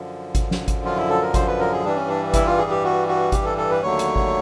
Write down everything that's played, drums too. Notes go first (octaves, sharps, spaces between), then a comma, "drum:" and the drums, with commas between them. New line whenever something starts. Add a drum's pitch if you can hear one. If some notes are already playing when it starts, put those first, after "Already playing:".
Already playing: F#2 D3 F3
drum: kick G#1, hi-hat
drum: snare
drum: kick G#1, hi-hat
F4
E4
A4
A#4
C5, drum: kick G#1, hi-hat
B4
A#4
G#4
G2 E3 G3 D4
C#4
D4
E4, drum: kick G#1, hi-hat
F4
G#4
G4
F#4
F#4
G4, drum: kick G#1, hi-hat
A4
A4
B4
D#2 D3 F#3 A3 C#5
drum: hi-hat
drum: kick G#1